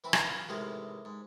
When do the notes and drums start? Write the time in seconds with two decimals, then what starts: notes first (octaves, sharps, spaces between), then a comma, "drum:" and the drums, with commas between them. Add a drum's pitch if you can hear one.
0.04 E3 C4 E4 B4
0.13 drum: rim click
0.27 F4
0.49 A1 G#2 C3 G#3 G4 A#4
1.05 G#2